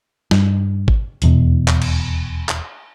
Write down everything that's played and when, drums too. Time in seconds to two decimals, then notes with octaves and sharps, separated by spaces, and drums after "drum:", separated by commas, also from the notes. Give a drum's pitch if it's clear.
0.31 G2, drum: snare
0.88 drum: kick G#1
1.22 D#1 E2 B2, drum: hi-hat
1.68 drum: clap
1.82 drum: cymbal
2.49 drum: clap